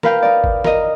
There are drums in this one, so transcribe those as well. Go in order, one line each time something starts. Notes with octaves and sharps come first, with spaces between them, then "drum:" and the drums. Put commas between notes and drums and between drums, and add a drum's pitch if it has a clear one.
A#4 B4 F5 G5, drum: snare
D#4 D5
drum: kick G1
A#4 D#5, drum: snare